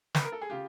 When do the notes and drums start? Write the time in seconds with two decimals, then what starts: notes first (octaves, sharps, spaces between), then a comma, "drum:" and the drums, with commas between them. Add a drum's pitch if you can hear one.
0.15 B4, drum: snare
0.24 A#4
0.32 A4
0.41 G#4
0.50 C#3 F4 G4